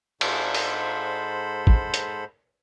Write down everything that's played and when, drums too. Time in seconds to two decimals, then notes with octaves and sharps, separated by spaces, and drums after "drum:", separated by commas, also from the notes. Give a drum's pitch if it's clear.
0.21 G#2 G#3 A4 C5 B5, drum: cymbal
0.55 drum: open hi-hat
1.67 drum: kick
1.94 drum: hi-hat